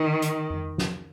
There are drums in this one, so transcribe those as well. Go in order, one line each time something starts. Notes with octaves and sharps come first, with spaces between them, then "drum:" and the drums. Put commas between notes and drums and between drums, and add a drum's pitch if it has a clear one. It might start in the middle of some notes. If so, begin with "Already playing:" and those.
Already playing: D#3
drum: hi-hat
drum: tom F2
drum: snare